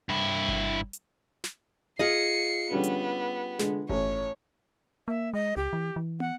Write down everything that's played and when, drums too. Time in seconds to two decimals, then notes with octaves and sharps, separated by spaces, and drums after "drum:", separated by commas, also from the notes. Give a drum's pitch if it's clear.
0.09 G2 E4
0.48 drum: kick G1
0.93 drum: hi-hat
1.44 drum: snare
1.99 F4 G#4 D#5 C7 C#7
2.71 D3 G3 B3 C#4
2.83 drum: hi-hat
3.59 D3 G#3, drum: snare
3.89 A1 C#5, drum: kick G1
5.08 A#3 E5
5.34 G#3 D#5
5.57 C#2 G4
5.73 E3
5.96 E3
6.20 F#5, drum: tom